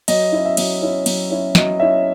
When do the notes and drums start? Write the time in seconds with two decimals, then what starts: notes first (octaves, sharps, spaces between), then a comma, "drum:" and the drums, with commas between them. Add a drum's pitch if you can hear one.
0.08 F#3 D#5, drum: cymbal
0.32 C#4 E4
0.46 E5
0.57 F#3 D#5, drum: cymbal
0.81 C#4 E4
1.06 F#3, drum: cymbal
1.30 C#4 E4
1.55 F#3 D#5, drum: snare
1.80 C#4 E4 E5